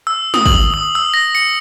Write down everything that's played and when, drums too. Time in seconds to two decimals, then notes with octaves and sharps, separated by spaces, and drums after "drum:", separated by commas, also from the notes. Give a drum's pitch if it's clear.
0.07 E6
0.34 D#6, drum: snare
0.46 F#7, drum: kick
0.74 D#6
0.95 E6
1.14 A#6
1.35 C#7